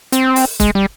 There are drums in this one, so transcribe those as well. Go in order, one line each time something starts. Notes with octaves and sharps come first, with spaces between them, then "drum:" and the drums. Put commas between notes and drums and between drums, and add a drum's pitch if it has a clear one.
C4, drum: hi-hat
drum: open hi-hat
G#3, drum: kick, hi-hat
G3